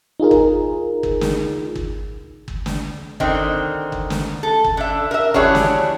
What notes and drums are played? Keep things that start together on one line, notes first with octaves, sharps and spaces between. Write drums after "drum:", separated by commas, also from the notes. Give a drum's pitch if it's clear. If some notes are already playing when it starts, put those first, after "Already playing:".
D#4 F4 G#4 A#4
drum: kick
drum: kick
drum: snare
drum: kick
drum: kick
drum: snare
D3 D#3 C4 D#4, drum: kick
drum: kick
drum: snare
A4
drum: kick
D3 E5
A#4 E5
E3 G3 D4 F#4 G#4 C#5, drum: kick
drum: snare